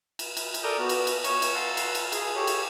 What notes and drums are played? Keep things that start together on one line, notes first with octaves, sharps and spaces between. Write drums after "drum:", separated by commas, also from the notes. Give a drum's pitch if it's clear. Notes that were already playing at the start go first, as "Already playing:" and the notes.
drum: cymbal
drum: cymbal
drum: cymbal
A4 A#4 D5 A#5 D#6 G6
B3 F#4
drum: cymbal
drum: cymbal
C#5 C#6, drum: cymbal
drum: cymbal
F5 F#5 A5 A#5 C6 E6
drum: cymbal
drum: cymbal
G#4, drum: cymbal
G4 A4 C#5
drum: cymbal